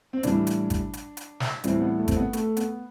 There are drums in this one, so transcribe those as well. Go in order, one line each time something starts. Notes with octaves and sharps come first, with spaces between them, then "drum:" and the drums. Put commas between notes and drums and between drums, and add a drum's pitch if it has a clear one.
C4
A2 E3 G3 D4, drum: hi-hat
drum: hi-hat
drum: kick G#1, hi-hat
drum: hi-hat
drum: hi-hat
drum: snare
A2 E3 G3 C4, drum: hi-hat
B3
A3
C4, drum: kick G#1, hi-hat
B3
A3, drum: hi-hat
B3, drum: hi-hat